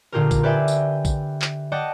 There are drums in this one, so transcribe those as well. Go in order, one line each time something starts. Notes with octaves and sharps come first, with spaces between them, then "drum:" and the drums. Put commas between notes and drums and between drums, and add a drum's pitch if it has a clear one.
A#2 D3 F4 G4 G#4 A#4
drum: kick, tambourine
G4 B4 D5 E5 G5 G#5
drum: tambourine
drum: kick, tambourine
drum: clap
D5 D#5 F#5 G5 A5 D6